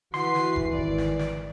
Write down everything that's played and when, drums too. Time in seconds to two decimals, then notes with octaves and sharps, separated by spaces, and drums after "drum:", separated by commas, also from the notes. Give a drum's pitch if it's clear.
0.14 E3 F#4 B4 C6 C7, drum: snare
0.35 drum: snare
0.56 drum: kick F1
0.68 G#1 D5
0.98 drum: snare
1.19 drum: snare